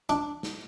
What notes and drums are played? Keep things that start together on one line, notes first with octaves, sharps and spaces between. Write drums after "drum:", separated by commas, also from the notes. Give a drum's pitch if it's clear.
D4, drum: hi-hat
drum: snare